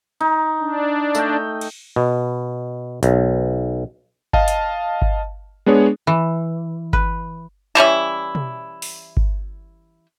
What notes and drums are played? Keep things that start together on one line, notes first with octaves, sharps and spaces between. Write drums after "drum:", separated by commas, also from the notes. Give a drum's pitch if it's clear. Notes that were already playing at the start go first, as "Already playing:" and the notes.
D#4
D4
A3 D#5 G5, drum: tambourine
drum: cymbal
B2
B1, drum: hi-hat
D#5 F5 A5, drum: kick G1
drum: hi-hat
drum: kick G1
G#3 B3 D4 G#4 C#5
E3
B4, drum: kick G1
E3 G3 C#4 E4
drum: tom
drum: open hi-hat
drum: kick G1